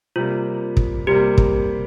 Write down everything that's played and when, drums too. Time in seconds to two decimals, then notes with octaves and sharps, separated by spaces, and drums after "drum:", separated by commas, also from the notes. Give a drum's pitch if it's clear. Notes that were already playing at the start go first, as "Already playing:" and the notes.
0.16 C3 G3 A#3 F4
0.77 drum: kick
1.07 C3 G3 A#3 G4
1.38 drum: kick